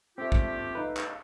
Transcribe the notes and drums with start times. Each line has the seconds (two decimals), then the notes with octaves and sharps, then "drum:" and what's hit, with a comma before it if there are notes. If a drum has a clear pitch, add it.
0.18 A3 C4 D4 F4 G4 E5
0.32 drum: kick
0.75 D#4 A4 B4 D#5 F5
0.97 drum: clap